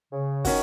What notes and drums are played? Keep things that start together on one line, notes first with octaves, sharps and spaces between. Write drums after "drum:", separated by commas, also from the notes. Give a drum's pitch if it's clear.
C#3
D#3 C#4 F#4, drum: kick, open hi-hat